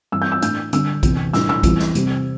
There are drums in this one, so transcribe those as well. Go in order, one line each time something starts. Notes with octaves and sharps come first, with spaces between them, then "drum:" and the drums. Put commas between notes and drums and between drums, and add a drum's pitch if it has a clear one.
G2 E3 C4 E6
G6
E6
A2 A3 D4 G6, drum: hi-hat
D3 G3 D4 E6, drum: hi-hat
E2 C3 E3, drum: kick, hi-hat
A2 G3 D4 E6, drum: snare
E6, drum: tom
E2 E3 G3 C4, drum: kick, hi-hat
drum: snare
C3 G3 C4, drum: hi-hat